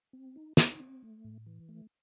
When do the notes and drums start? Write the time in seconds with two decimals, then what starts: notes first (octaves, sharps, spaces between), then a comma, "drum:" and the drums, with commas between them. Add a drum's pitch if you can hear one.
0.13 C4
0.36 D#4
0.57 D#4, drum: snare
0.79 C4
1.03 A3
1.24 A2
1.46 E3
1.69 A3